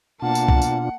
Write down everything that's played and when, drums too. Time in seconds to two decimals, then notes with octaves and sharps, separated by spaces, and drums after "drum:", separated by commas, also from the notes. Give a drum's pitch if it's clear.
0.22 B2 A#3 D4 F4 F#5 A5
0.35 drum: tambourine
0.48 drum: kick
0.62 drum: tambourine